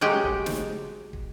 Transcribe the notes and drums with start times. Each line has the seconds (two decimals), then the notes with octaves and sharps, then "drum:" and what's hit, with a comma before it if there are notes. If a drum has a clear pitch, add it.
0.01 F#3 G#3 G4
0.24 drum: kick
0.46 drum: snare
1.13 drum: kick